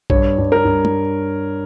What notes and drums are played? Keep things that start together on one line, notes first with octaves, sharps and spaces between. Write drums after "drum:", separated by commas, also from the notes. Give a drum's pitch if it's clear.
G2 C#5, drum: kick A#1
G2
A#4
G2
drum: tom